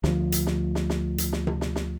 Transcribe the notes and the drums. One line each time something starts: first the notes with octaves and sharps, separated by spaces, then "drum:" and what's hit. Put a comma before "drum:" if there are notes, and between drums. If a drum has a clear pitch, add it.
D2 F3, drum: snare
drum: hi-hat
drum: snare
drum: snare
drum: snare
drum: hi-hat
drum: snare
drum: tom C3
drum: snare
drum: snare